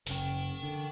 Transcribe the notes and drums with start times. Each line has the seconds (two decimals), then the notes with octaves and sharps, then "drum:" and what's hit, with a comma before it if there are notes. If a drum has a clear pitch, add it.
0.07 F#1 C#3 A#4 G5, drum: hi-hat
0.63 D3